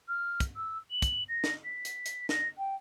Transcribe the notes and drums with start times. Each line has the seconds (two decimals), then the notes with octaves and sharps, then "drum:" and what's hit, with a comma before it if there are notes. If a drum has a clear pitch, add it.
0.08 F6
0.40 drum: kick, hi-hat
0.56 E6
0.91 F#7
1.02 drum: kick, hi-hat
1.28 A#6
1.44 drum: snare
1.64 B6
1.85 drum: hi-hat
2.06 drum: hi-hat
2.29 A#6, drum: snare
2.58 G5